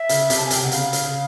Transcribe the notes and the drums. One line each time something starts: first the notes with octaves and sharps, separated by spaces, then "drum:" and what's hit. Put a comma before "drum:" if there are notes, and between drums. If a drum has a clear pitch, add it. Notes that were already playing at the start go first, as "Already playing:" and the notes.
Already playing: E5
C#3, drum: hi-hat
C3, drum: hi-hat
A5
G#5
C3 G5, drum: hi-hat
C3 F#5
C#3 F5, drum: hi-hat
drum: hi-hat
C#3